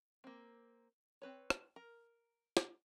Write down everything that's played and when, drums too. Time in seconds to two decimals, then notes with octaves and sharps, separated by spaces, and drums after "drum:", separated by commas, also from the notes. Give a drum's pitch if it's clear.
0.24 A#3 C4
1.22 C4 B4 C#5
1.50 drum: rim click
1.76 A#4
2.57 drum: snare